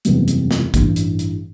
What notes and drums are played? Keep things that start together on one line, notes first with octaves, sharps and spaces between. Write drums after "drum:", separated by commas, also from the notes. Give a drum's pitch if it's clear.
F#1 E2 C3 G3, drum: hi-hat
drum: hi-hat
drum: snare
A1 G2 E3 G3, drum: kick, hi-hat
drum: hi-hat
drum: hi-hat